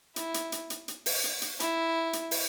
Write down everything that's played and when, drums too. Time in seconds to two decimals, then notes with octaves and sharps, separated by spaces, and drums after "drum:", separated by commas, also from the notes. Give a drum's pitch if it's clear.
0.16 E4, drum: hi-hat
0.34 drum: hi-hat
0.52 drum: hi-hat
0.70 drum: hi-hat
0.88 drum: hi-hat
1.06 drum: open hi-hat
1.24 drum: hi-hat
1.42 drum: hi-hat
1.60 E4, drum: hi-hat
2.13 drum: hi-hat
2.31 drum: open hi-hat